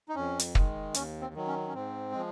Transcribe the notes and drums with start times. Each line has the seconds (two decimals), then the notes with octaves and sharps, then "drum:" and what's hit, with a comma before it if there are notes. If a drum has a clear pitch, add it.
0.09 D#4
0.15 F2 C#4
0.39 drum: hi-hat
0.55 D#3 G#3, drum: kick
0.94 D#2 C#4, drum: hi-hat
1.21 C4
1.34 D#3 F#3
1.47 C#4
1.68 C#4
1.73 G#2 C4
2.12 F3 G#3